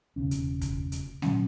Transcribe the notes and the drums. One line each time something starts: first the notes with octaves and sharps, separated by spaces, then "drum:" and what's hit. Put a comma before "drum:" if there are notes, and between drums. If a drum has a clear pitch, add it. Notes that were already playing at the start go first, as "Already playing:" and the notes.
E1 D#2 C#3 C#4
drum: hi-hat
drum: kick, hi-hat
drum: hi-hat
A#2 F#3 C#4, drum: snare G#3